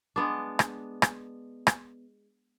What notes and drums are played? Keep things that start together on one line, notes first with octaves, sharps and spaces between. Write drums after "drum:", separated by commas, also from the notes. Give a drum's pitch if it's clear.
G#3 B3 D4
drum: rim click
drum: rim click
drum: rim click